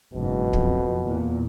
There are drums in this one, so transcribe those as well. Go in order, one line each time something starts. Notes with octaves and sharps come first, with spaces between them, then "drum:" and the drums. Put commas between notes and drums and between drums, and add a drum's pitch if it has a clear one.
F#1 G#2 B2
F2, drum: kick
E2 A#2